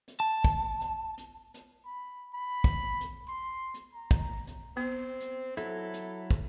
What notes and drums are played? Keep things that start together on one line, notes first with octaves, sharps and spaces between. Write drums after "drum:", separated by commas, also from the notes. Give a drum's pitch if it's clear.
drum: hi-hat
A5
drum: kick, hi-hat
drum: hi-hat
drum: hi-hat
drum: hi-hat
B5
B5
drum: kick, hi-hat
drum: hi-hat
C6
drum: hi-hat
A#5
drum: kick, hi-hat
drum: hi-hat
B3 C4
drum: hi-hat
F#3 E4 A4, drum: hi-hat
drum: hi-hat
drum: kick, hi-hat